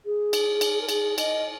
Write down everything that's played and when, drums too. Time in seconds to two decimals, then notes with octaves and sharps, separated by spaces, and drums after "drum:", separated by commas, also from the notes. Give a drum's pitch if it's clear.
0.05 G#4
0.33 drum: cymbal
0.61 drum: cymbal
0.81 A#4
0.89 G#4, drum: cymbal
1.18 D#5, drum: cymbal